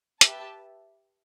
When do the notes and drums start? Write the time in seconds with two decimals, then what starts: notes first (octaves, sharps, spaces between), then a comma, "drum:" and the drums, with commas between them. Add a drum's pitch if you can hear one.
0.21 G4 B4 E5 A5, drum: hi-hat